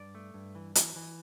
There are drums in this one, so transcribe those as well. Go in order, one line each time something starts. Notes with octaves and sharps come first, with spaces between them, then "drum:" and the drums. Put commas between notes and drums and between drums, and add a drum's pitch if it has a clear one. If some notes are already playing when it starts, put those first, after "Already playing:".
Already playing: G2 D5
A3
G2
E3
E3, drum: hi-hat
E3